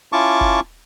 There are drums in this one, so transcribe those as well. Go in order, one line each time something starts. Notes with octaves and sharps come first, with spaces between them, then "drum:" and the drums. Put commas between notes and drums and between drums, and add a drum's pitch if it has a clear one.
C#4 E4 F4 A5 C#6 D6
drum: kick F#1